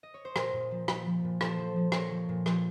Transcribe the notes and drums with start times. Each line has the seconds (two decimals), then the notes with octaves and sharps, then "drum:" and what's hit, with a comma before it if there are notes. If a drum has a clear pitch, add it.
0.03 D#5
0.14 C#5
0.25 C5
0.36 A#2 A#4, drum: rim click
0.54 A#2
0.71 F3
0.88 F3, drum: rim click
1.06 F3
1.24 A#2
1.41 F3 A4 C5, drum: rim click
1.59 F3
1.76 F3
1.92 F3 A#4 C#5, drum: rim click
2.11 F3
2.29 A#2
2.46 F3, drum: rim click